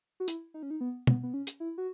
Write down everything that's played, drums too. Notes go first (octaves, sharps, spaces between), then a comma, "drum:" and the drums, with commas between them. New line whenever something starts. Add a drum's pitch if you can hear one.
F#4
E4, drum: hi-hat
D#4
C#4
D#4
B3
B3, drum: tom
B3
C#4
drum: hi-hat
E4
F#4